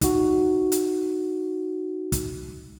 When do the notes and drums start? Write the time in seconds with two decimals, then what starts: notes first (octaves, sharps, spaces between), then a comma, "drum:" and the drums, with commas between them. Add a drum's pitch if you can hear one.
0.01 D#4 F#4, drum: kick, hi-hat
0.72 drum: hi-hat
2.12 drum: kick, hi-hat